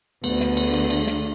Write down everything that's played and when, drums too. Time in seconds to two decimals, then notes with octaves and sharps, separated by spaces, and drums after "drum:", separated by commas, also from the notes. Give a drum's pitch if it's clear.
0.24 D2 D3 B3, drum: cymbal
0.40 drum: snare
0.57 drum: cymbal
0.74 drum: cymbal
0.90 drum: cymbal
1.07 drum: snare